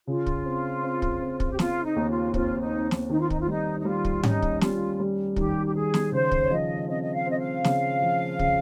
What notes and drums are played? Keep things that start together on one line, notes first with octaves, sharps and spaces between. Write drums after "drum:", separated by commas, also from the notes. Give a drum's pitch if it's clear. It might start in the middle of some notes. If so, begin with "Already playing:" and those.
C#3 F4
drum: kick
C4
C4
drum: kick
C4
drum: kick
G4
C4 F4, drum: snare
D#4
D#2
F4
C4 F4, drum: kick
D#4
C4
drum: snare
D#3 D#4
F4
D#4, drum: kick
F4
G3 D#4
D#4
G3 F4
drum: kick
C#4 D#4, drum: tom G#2
drum: kick
G3 F4, drum: snare
G3
D#3 G4, drum: kick
G4
D#3 G#4
drum: snare
C#3 C5
drum: kick
C#5
F3 D#5
C4 D#5
D#5
F5
C4 D#5
F5
C#3, drum: snare
F3
C#3, drum: kick